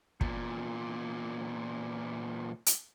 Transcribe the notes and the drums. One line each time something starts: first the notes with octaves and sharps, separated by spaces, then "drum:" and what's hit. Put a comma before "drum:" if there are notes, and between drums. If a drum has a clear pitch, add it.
E2 A#2, drum: kick
drum: hi-hat